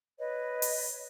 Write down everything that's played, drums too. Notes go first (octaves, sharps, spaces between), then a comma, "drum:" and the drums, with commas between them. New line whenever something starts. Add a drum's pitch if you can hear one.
B4 C#5 D#5
drum: open hi-hat